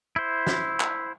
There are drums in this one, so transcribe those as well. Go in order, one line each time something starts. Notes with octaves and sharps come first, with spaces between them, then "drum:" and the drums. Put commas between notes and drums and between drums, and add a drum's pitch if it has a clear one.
E4 C5
drum: snare
drum: clap